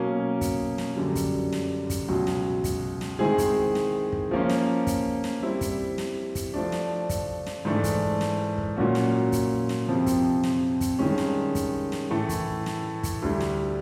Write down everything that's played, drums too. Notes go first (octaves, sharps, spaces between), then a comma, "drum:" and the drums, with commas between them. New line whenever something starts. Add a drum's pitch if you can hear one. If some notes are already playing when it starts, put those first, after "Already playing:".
Already playing: B2 F#3 A#3 C#4
drum: kick, hi-hat
drum: snare
F#2 D3 G3
drum: kick, hi-hat
drum: snare
drum: kick, hi-hat
C#2 B2 F#3
drum: snare
drum: kick, hi-hat
drum: snare
D#3 G#3 C4 E4 G#4
drum: kick, hi-hat
drum: snare
drum: kick
F3 A#3 C#4
drum: snare
drum: kick, hi-hat
drum: snare
G3 C4 E4
drum: kick, hi-hat
drum: snare
drum: kick, hi-hat
F3 A3 D4
drum: snare
drum: kick, hi-hat
drum: snare
G#2 E3 A3 D4
drum: kick, hi-hat
drum: snare
drum: kick
A#2 F#3 A#3 C#4 F#4
drum: snare
drum: kick, hi-hat
drum: snare
F2 C3 F3
drum: kick, hi-hat
drum: snare
drum: kick, hi-hat
G2 D#3 G#3 C#4
drum: snare
drum: kick, hi-hat
drum: snare
A2 E3 A3
drum: kick, hi-hat
drum: snare
drum: kick, hi-hat
D2 D3 G3
drum: snare